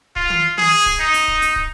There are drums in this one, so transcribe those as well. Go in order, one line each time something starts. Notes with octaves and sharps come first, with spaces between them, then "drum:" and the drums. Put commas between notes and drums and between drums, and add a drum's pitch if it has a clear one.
F4, drum: kick
drum: tom
G#4, drum: tom
drum: kick, open hi-hat
D#4
drum: hi-hat
drum: kick
drum: hi-hat
drum: kick